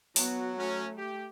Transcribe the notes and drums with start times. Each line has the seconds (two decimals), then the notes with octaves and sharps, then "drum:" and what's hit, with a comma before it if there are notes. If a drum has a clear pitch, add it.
0.16 F#3 B3 F#4, drum: open hi-hat
0.59 A3 C#4
0.97 G4